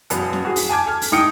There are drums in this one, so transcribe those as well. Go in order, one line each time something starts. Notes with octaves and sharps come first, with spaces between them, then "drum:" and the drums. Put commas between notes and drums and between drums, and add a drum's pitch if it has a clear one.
E1 F#2 B3, drum: hi-hat
drum: snare
F#4 G#4
drum: open hi-hat
G#5 A5 D6 G#6
A4 F6
drum: open hi-hat
G#2 D#4 G5 D#6 C#7